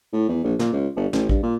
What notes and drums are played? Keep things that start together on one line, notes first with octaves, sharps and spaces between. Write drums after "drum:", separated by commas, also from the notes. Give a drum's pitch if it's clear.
A2
E2
A#1
A#2, drum: snare
C#2
G1
A1, drum: snare
G2, drum: kick
A#2